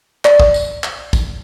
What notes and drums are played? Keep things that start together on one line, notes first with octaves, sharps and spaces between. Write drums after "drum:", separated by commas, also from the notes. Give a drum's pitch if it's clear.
D5, drum: clap
drum: kick
drum: tambourine
drum: clap
drum: kick, tambourine